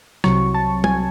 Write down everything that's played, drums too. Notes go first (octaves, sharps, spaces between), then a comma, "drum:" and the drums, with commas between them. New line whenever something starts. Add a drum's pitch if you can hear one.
C2 C3 F#3 C#6, drum: rim click
A5
G#5, drum: tom